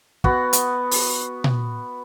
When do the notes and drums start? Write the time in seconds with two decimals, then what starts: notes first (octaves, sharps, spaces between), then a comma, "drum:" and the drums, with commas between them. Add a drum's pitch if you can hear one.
0.24 B3 F#4, drum: kick
0.53 drum: hi-hat
0.91 drum: open hi-hat
1.44 drum: tom A#2